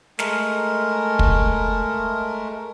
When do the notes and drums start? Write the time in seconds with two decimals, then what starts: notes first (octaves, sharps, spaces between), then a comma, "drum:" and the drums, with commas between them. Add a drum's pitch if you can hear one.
0.19 G#3 A3 A#4, drum: snare
1.19 drum: kick